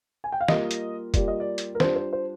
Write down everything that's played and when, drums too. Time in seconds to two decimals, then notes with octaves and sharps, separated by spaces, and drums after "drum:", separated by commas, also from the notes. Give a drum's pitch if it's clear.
0.24 G#5
0.32 G5
0.41 F5
0.48 G3 A#3 F4 D#5, drum: snare
0.71 drum: hi-hat
1.14 G3 A#3 F4 D5, drum: kick, hi-hat
1.28 D#5
1.40 D5
1.58 drum: hi-hat
1.75 A#4
1.80 G3 D4 F4 C5, drum: snare
1.96 C5
2.13 C5